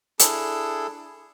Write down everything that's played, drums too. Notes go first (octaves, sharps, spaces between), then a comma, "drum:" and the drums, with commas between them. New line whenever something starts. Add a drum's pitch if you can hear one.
D4 E4 G#4 A4, drum: hi-hat